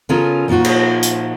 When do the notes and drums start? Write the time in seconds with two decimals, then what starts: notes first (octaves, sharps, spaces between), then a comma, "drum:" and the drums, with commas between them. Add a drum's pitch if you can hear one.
0.09 C#3 B3 C#4 F4 A4 A#4
0.48 A#2 F3 D#4 F4 F#4
0.65 drum: cymbal
1.03 drum: hi-hat